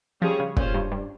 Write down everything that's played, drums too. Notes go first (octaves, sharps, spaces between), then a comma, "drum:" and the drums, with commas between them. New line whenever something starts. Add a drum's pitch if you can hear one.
F3 G3 C#4 G#4 C#5
C#3
A#2 C#4 F4 C5, drum: kick
G2
G2